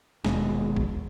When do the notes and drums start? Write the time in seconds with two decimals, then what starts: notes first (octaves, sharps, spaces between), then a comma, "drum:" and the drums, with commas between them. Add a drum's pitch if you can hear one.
0.25 D#1 D#2 B2 G#3, drum: snare
0.77 drum: kick